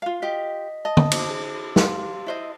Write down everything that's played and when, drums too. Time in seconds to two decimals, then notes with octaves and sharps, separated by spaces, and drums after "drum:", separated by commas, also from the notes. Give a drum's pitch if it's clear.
0.02 F4 F5
0.22 F4 G4 D#5 B6
0.85 D#5 A5 D#6
0.97 drum: tom
1.11 drum: cymbal
1.30 G#4
1.76 G4 F5 C6, drum: snare
2.26 E4 C5 D#5